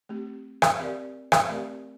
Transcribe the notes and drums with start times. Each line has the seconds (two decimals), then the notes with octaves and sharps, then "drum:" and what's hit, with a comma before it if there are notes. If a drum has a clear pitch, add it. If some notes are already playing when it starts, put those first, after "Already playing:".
0.09 A3 C4 G4
0.62 drum: rim click
0.79 C4 G4 A#4 D5
1.32 drum: rim click
1.49 A3 C4 G4 A#4 D5